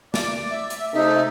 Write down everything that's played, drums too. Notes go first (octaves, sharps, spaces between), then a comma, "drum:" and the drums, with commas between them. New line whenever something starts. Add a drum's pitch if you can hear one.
D5, drum: snare
E5
drum: hi-hat
C3 A3 D#4 E5